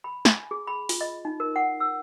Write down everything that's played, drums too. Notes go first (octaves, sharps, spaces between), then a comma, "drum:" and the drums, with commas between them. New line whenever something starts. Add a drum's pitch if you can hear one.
B5
G#5, drum: snare
G#4
B5
F4, drum: open hi-hat
D#5
D#4
A#4
F#5
E6